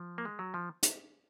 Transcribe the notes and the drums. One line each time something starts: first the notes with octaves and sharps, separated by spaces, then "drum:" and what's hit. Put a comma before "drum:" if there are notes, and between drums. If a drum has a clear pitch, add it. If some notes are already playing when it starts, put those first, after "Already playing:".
Already playing: F3
A#3
G#3
F#3
F3
drum: hi-hat